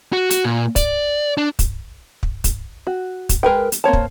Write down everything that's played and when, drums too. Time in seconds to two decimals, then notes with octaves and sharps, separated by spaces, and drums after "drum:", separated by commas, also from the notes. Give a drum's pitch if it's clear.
0.13 F#4
0.30 F#4, drum: hi-hat
0.45 A#2
0.76 D5, drum: kick, hi-hat
1.37 D4
1.59 drum: kick, hi-hat
2.23 drum: kick
2.44 drum: kick, hi-hat
2.87 F#4
3.29 drum: kick, hi-hat
3.43 G#3 A#4 B4 G5
3.72 drum: hi-hat
3.84 A#3 C4 C#5 A5
3.93 drum: kick